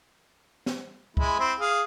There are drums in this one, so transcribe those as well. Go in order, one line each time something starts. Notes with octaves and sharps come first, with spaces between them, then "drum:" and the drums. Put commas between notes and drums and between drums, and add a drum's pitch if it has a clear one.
drum: snare
G#3 E4, drum: kick C#2
C4 E4
G#4 F5